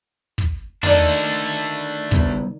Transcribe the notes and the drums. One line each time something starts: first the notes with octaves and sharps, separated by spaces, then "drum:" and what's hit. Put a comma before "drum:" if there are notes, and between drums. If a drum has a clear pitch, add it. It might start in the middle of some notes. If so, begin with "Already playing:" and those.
drum: kick
D#3 A3 D4 D5, drum: tom
drum: open hi-hat
C#3 G3 B3, drum: kick